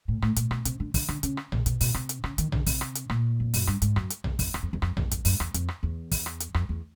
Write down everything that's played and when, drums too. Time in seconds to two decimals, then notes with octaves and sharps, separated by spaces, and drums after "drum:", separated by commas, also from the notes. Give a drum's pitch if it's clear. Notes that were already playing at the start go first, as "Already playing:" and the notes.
0.08 A2
0.22 A2, drum: rim click
0.36 A#2, drum: hi-hat
0.51 B2, drum: rim click
0.65 C3, drum: hi-hat
0.80 D3
0.94 D3, drum: kick, open hi-hat
1.08 D3, drum: rim click
1.23 C#3, drum: hi-hat
1.37 drum: rim click
1.52 A#2, drum: tom A#1
1.66 B2, drum: hi-hat
1.81 B2, drum: open hi-hat
1.94 C3, drum: rim click
2.09 drum: hi-hat
2.24 C#3, drum: rim click
2.38 D#3, drum: hi-hat
2.52 D3, drum: tom A#1
2.67 C3, drum: kick, open hi-hat
2.81 drum: rim click
2.95 drum: hi-hat
3.10 A#2, drum: rim click
3.40 F2
3.54 F#2, drum: open hi-hat
3.67 G2, drum: rim click
3.82 G#2, drum: hi-hat
3.96 F#2, drum: rim click
4.10 drum: hi-hat
4.24 F2, drum: tom A#1
4.39 F2, drum: kick, open hi-hat
4.54 E2, drum: rim click
4.63 F2
4.73 E2
4.82 F2, drum: rim click
4.97 E2, drum: tom A#1
5.11 F2, drum: hi-hat
5.25 F#2, drum: open hi-hat
5.40 E2, drum: rim click
5.54 F2, drum: hi-hat
5.68 drum: rim click
5.83 E2
6.12 drum: kick, open hi-hat
6.26 drum: rim click
6.40 drum: hi-hat
6.54 F2, drum: rim click
6.69 E2